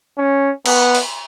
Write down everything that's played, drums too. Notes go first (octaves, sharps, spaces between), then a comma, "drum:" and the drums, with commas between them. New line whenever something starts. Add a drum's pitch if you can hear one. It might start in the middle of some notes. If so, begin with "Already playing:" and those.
C#4
B3, drum: cymbal
drum: open hi-hat